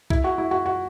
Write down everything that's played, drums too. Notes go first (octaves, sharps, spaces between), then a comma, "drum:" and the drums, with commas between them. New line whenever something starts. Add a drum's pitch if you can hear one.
E4, drum: kick B1
F#4
E4
F#4
F#4